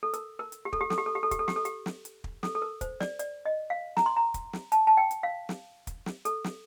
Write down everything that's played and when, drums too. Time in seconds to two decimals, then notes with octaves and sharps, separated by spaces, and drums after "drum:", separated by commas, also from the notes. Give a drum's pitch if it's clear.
0.03 A4
0.14 A#4, drum: hi-hat
0.39 A#4
0.52 drum: hi-hat
0.65 G4
0.73 A4, drum: kick
0.81 G4
0.90 A4, drum: snare
0.98 G4
1.06 A4
1.15 G4
1.23 A4
1.31 G4, drum: kick, hi-hat
1.39 A4
1.48 G4, drum: snare
1.56 A4
1.65 G4, drum: hi-hat
1.86 drum: snare
2.05 drum: hi-hat
2.24 drum: kick
2.43 A4, drum: snare
2.55 A4
2.62 A#4
2.81 C5, drum: kick, hi-hat
3.00 D5, drum: snare
3.19 D5, drum: hi-hat
3.46 D#5
3.70 F5
3.97 A#5, drum: snare
4.06 C6
4.17 A#5
4.34 drum: kick, hi-hat
4.53 drum: snare
4.72 A5, drum: hi-hat
4.87 A5
4.97 G5
5.11 drum: hi-hat
5.23 F5
5.49 drum: snare
5.87 drum: kick, hi-hat
6.06 drum: snare
6.25 A4, drum: hi-hat
6.44 drum: snare